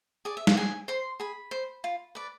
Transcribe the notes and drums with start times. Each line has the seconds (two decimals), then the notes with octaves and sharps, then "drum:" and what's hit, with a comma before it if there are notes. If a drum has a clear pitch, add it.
0.25 G#4 D5
0.37 E5
0.47 F5, drum: snare
0.57 G#4 G#5
0.88 C5 C6
1.20 G#4 B5
1.51 C5
1.84 F4
2.15 B4 D5